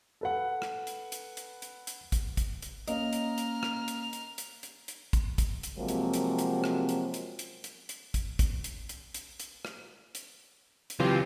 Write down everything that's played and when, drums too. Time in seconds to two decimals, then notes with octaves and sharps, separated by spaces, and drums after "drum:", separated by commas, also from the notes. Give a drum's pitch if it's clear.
0.21 A4 B4 F#5
0.62 drum: rim click
0.87 drum: hi-hat
1.12 drum: hi-hat
1.37 drum: hi-hat
1.62 drum: hi-hat
1.87 drum: hi-hat
2.12 drum: kick, hi-hat
2.37 drum: kick, hi-hat
2.62 drum: hi-hat
2.88 A#3 C#4 D#5 A#5 F6, drum: hi-hat
3.13 drum: hi-hat
3.38 drum: hi-hat
3.63 drum: rim click
3.88 drum: hi-hat
4.13 drum: hi-hat
4.38 drum: hi-hat
4.63 drum: hi-hat
4.88 drum: hi-hat
5.13 drum: kick, hi-hat
5.38 drum: kick, hi-hat
5.63 drum: hi-hat
5.77 C3 F3 F#3 G#3 A#3 C4
5.88 drum: hi-hat
6.14 drum: hi-hat
6.39 drum: hi-hat
6.64 drum: rim click
6.89 drum: hi-hat
7.14 drum: hi-hat
7.39 drum: hi-hat
7.64 drum: hi-hat
7.89 drum: hi-hat
8.14 drum: kick, hi-hat
8.39 drum: kick, hi-hat
8.64 drum: hi-hat
8.89 drum: hi-hat
9.14 drum: hi-hat
9.40 drum: hi-hat
9.65 drum: rim click
10.15 drum: hi-hat
10.90 drum: hi-hat
10.99 C#2 E3 F#3 C4 F4 G4